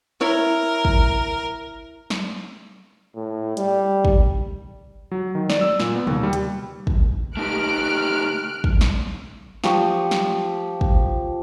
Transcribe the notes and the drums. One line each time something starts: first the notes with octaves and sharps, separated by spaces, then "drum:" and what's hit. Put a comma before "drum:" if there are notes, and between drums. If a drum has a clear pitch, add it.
E4 A#4 C#5
drum: kick
drum: snare
A2
G3, drum: hi-hat
drum: kick
F#3
D#3
D5, drum: snare
E6
A#2, drum: snare
B3
D#2, drum: tom B2
G3
drum: hi-hat
drum: kick
A3 D#4 G4 F6 F#6 D7
drum: kick
drum: snare
F3 G4 C#6 D#6, drum: snare
drum: snare
drum: kick